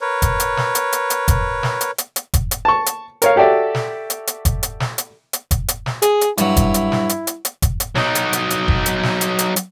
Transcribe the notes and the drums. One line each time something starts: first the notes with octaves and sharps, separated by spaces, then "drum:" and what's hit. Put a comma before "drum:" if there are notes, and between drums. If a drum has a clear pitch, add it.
A#4 B4 C#5
drum: kick F1, hi-hat
drum: hi-hat
drum: snare
drum: hi-hat
drum: hi-hat
drum: hi-hat
drum: kick F1, hi-hat
drum: snare
drum: hi-hat
drum: hi-hat
drum: hi-hat
drum: kick F1, hi-hat
drum: hi-hat
A5 C#6
drum: hi-hat
A#4 C#5 F5, drum: hi-hat
F#4 G4 A4 D5 E5
drum: snare
drum: hi-hat
drum: hi-hat
drum: kick F1, hi-hat
drum: hi-hat
drum: snare
drum: hi-hat
drum: hi-hat
drum: kick F1, hi-hat
drum: hi-hat
drum: snare
G#4, drum: hi-hat
drum: hi-hat
G2 F#3 E4, drum: hi-hat
drum: kick F1, hi-hat
drum: hi-hat
drum: snare
drum: hi-hat
drum: hi-hat
drum: hi-hat
drum: kick F1, hi-hat
drum: hi-hat
F#3 D#4, drum: snare
drum: hi-hat
drum: hi-hat
drum: hi-hat
drum: kick F1
drum: hi-hat
drum: snare
drum: hi-hat
drum: hi-hat
drum: hi-hat